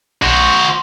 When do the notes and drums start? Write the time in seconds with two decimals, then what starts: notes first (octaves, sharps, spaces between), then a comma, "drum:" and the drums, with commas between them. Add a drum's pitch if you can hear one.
0.22 F#4 C5, drum: tom B1